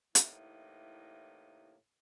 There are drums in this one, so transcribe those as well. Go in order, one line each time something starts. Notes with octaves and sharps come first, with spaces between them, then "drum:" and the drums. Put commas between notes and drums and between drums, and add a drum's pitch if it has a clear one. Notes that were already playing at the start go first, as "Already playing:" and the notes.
A2 C3 E3 A#3 D#4, drum: hi-hat